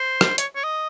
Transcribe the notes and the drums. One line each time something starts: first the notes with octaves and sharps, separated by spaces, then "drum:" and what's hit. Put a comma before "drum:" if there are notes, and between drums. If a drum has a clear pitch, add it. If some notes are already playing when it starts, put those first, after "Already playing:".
Already playing: C5
drum: rim click
C#5, drum: hi-hat
C#5
D#5